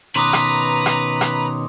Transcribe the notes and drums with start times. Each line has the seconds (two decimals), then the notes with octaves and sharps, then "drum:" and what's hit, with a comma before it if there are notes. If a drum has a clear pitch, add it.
0.16 B2 D#3 C#4 B4 A#5 C6 D6 D#6
0.33 drum: rim click
0.86 drum: rim click
1.21 drum: rim click